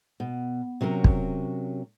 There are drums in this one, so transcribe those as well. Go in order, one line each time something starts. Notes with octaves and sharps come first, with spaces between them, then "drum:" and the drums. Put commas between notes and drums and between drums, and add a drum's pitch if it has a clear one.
B2
C3 F#3 C#4 A#4
drum: kick